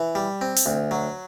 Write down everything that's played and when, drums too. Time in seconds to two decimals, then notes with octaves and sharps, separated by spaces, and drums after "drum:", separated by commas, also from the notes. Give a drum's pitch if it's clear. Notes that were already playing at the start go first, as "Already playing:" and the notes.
Already playing: E3
0.15 G3
0.41 C4
0.57 drum: open hi-hat
0.66 D2
0.91 F#3